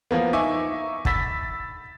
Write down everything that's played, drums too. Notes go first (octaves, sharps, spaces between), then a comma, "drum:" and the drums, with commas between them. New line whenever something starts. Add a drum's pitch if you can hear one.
F3 A#3 B3
D#4 E5 G#5 C#6 D6
B5 E6 A6 B6, drum: kick